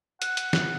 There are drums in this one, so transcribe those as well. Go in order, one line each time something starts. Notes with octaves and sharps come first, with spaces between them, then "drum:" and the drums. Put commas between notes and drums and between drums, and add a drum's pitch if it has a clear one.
F#5, drum: hi-hat
drum: hi-hat
drum: snare